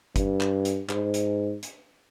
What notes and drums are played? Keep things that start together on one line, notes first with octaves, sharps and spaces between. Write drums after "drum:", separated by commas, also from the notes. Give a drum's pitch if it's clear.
G2, drum: kick, hi-hat
drum: clap
drum: hi-hat
G#2, drum: clap
drum: hi-hat
drum: hi-hat